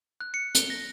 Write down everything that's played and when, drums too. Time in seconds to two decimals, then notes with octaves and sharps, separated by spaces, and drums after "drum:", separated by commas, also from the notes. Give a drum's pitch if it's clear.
0.20 F#6
0.34 C#7
0.55 G7, drum: hi-hat
0.70 A#6